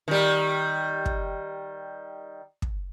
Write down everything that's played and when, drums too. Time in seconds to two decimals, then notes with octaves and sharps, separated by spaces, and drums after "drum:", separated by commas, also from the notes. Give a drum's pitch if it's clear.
0.08 D#3 G3
1.06 drum: kick
2.62 drum: kick